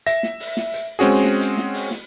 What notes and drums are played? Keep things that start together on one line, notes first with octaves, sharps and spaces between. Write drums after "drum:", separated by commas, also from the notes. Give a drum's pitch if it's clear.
E5 A#6, drum: hi-hat
drum: snare
drum: open hi-hat
drum: snare
drum: hi-hat
G#3 C4 C#4 F#4 G#4
drum: snare
drum: hi-hat
drum: snare
drum: open hi-hat
drum: snare